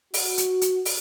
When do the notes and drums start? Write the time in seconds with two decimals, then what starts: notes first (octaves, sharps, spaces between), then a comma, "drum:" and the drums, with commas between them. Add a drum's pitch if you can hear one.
0.14 F#4, drum: open hi-hat
0.38 drum: hi-hat
0.61 drum: hi-hat
0.85 drum: open hi-hat